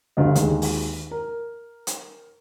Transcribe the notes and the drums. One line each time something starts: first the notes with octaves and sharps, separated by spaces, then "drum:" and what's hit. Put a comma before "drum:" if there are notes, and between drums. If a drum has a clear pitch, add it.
G1 D2 G2 D3 D#5
D#2 G#3, drum: hi-hat
drum: open hi-hat
A#4
drum: hi-hat